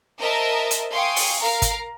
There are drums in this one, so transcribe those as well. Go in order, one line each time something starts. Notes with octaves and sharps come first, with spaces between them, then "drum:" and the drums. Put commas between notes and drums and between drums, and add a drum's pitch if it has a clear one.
A#4 C5 D#5 E5 A5 A#5
drum: hi-hat
F5 G5 G#5 C6 C#6 D#6
drum: open hi-hat
A#4 F5 A#5 F6
drum: kick, hi-hat